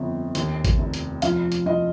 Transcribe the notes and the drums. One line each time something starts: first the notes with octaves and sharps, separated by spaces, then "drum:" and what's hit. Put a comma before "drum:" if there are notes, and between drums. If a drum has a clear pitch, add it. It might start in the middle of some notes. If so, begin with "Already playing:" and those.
Already playing: G1 F2
D#2, drum: hi-hat
drum: kick G#1, hi-hat
F1
drum: hi-hat
F3 F5, drum: hi-hat
drum: hi-hat
F3 D#5